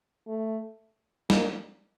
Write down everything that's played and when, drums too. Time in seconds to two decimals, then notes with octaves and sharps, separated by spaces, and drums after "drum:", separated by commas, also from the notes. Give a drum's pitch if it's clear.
0.27 A3
1.30 A#3, drum: snare